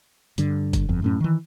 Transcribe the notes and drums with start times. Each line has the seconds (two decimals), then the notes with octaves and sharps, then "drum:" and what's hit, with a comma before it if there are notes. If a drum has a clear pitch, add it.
0.38 G2 D3, drum: hi-hat
0.73 drum: kick F#1, hi-hat
0.89 G1 F2
1.02 F#2 A2 C#4
1.20 D#3 E3